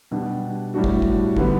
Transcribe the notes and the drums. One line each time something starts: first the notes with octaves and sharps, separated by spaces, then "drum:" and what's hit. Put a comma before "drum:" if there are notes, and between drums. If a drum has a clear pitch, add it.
B2 G3 D4 G4
A2 G3 D4 F#4
drum: kick
drum: kick
D3 G3 B3, drum: kick